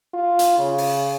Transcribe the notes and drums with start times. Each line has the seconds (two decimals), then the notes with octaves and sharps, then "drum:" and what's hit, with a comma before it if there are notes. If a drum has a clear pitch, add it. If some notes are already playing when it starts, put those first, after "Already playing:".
0.14 F4
0.39 drum: hi-hat
0.58 C#3
0.78 drum: open hi-hat